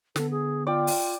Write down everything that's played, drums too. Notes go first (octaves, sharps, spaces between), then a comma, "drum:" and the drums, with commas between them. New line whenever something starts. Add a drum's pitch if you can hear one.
D3 B3 A4, drum: snare
G#4
F4 D5 G5
drum: open hi-hat